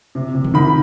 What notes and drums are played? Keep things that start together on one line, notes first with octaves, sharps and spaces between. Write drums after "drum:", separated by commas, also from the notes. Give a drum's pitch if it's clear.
C3
C3
drum: tom D3
D#3 B5